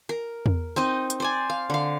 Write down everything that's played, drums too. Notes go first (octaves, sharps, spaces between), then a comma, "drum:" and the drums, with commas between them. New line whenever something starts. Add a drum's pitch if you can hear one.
A#4
drum: tom E2
C4 D#4 D#5
drum: hi-hat
C5 D5 G#5
F5
D3 F5